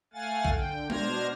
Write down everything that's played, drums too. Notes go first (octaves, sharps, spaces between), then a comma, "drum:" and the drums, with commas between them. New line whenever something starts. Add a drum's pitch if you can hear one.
A3 F5 F#5 G#5 A6
drum: kick
D3 G5
B2 D4 C5 F6 G#6 A#6, drum: tom G#3